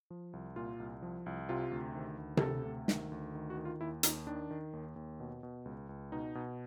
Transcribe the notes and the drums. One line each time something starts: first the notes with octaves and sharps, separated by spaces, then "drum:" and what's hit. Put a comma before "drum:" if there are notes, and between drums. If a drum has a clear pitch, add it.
F3
C2
A#2 F4
C2
F3
C2
C3 F4
D2
D#3
D2
A#4, drum: tom C3
C3 A4
D2
D#3, drum: snare
D2
D#3
F#4
D#3
F4
D#2 E4
D#2 D#4, drum: hi-hat
D#3 D4
D#3
D#2
D#2
B2
B2
C#2
C#2
B2 D#4
B2